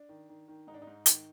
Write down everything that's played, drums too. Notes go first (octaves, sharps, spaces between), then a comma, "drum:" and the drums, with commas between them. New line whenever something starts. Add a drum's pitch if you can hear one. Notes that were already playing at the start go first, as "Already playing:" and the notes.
Already playing: D4
D#3
D#3
D#3
G#2 D#4
D4
D#4
G#2
D#3, drum: hi-hat